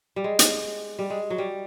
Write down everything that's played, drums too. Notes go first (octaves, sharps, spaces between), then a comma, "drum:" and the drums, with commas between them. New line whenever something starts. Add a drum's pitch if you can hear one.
G3
G#3
drum: hi-hat
G3
G#3
F#3
G3